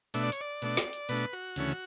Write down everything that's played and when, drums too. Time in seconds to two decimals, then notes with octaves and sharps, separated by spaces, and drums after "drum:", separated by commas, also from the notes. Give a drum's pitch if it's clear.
0.14 B2 A3 D4 E5, drum: hi-hat
0.23 D5
0.32 C#5, drum: hi-hat
0.41 D5
0.62 B2 A3 D4, drum: hi-hat
0.77 drum: snare
0.93 drum: hi-hat
1.09 B2 A3 D4 B4, drum: hi-hat
1.33 F#4
1.56 D2 C#3 E3 A3 C#4, drum: hi-hat